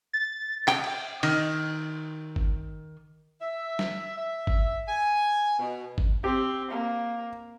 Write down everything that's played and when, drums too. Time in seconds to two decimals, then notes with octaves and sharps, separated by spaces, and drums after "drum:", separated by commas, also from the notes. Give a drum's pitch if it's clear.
0.13 A6
0.68 G5, drum: clap
0.84 drum: cymbal
1.23 D#3, drum: cymbal
2.36 drum: kick G1
3.41 E5
3.79 drum: snare
4.17 E5
4.47 drum: kick G1
4.88 G#5
5.59 B2
5.98 drum: kick G1
6.24 C4 G4
6.71 A#3